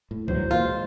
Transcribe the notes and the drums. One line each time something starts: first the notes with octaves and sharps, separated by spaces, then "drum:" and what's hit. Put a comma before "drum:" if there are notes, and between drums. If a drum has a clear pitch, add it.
A2
G2 E3 F#3 C5, drum: kick
A#2 E3 A#3 F4
G#3